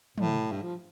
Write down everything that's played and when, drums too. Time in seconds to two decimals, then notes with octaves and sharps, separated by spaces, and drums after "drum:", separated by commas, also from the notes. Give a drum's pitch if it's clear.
0.18 A2, drum: tom
0.52 G2
0.63 F3